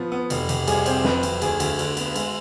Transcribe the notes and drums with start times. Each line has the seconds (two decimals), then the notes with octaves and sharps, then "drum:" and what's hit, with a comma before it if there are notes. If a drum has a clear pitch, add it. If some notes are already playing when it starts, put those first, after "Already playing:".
Already playing: F3 B3
0.12 B3
0.30 F1, drum: cymbal
0.49 F1, drum: cymbal
0.67 C2 G#4, drum: cymbal
0.86 C4, drum: cymbal
1.04 F2 B4, drum: snare
1.23 F2, drum: cymbal
1.42 D2 G#4, drum: cymbal
1.60 D2, drum: cymbal
1.79 D3, drum: cymbal
1.97 B3, drum: cymbal
2.16 G#3, drum: cymbal